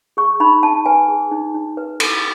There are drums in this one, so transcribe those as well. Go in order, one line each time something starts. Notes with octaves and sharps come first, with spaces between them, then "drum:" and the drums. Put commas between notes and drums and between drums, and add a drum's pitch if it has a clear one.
G#4 C#6
D#4 B5
D#4 A5
B4 G#5
G#4
D#4
D#4
B4
A4, drum: cymbal